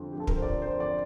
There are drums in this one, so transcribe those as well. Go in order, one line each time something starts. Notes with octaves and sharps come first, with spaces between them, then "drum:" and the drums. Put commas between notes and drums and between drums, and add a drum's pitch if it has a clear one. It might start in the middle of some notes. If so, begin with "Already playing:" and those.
Already playing: F2 D3
G4
F3 A4
A#4, drum: kick
C5
F2 D5
C5
F2
D5